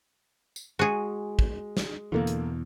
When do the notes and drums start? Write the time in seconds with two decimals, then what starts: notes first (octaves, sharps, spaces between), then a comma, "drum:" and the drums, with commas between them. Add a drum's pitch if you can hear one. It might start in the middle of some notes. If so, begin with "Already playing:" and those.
0.56 drum: tambourine
0.79 G#3 F#4 G#4
1.39 drum: kick
1.77 drum: snare
2.12 E2 B2 D3 E3 A#3
2.27 drum: hi-hat